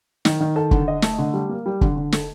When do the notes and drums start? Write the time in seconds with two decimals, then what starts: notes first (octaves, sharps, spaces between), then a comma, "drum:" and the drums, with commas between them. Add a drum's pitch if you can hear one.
0.25 D#3, drum: snare
0.40 D#3
0.56 A4
0.71 D3, drum: kick
0.88 D#5
1.02 A3, drum: snare
1.18 D3
1.34 G3
1.49 A#3
1.66 G3
1.81 D3, drum: kick
1.96 D3
2.12 A4, drum: snare